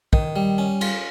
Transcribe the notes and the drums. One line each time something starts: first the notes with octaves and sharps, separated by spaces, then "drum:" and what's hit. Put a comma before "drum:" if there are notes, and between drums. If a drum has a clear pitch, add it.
D#3, drum: kick
G3
C#4
F4, drum: cymbal